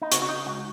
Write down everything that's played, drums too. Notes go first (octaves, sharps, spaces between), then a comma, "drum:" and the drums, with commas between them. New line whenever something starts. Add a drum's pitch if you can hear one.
D#4
C#3 F#4, drum: hi-hat
F#4
D#4
C#2 F#4